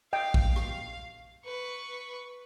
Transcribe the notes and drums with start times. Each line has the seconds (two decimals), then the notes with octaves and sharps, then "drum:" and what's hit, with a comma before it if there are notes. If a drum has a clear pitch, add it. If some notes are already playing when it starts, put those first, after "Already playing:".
0.13 D#5 F5 G5
0.34 drum: kick A#1
0.56 drum: rim click
1.45 B4 C#6